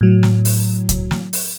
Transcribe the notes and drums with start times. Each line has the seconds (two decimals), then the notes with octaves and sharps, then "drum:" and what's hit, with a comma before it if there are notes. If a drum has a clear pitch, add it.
0.01 A2 F#3
0.23 drum: snare
0.45 drum: open hi-hat
0.89 drum: kick C2, hi-hat
1.11 drum: snare
1.33 drum: open hi-hat